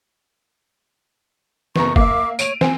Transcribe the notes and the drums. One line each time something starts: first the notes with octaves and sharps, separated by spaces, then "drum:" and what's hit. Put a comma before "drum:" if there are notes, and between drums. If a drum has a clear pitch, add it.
F#1 B3 A#5 C#6, drum: snare
A#3 A#4 E5 D6, drum: kick
C#5 D7 D#7 F7, drum: tambourine
C4 G#5, drum: snare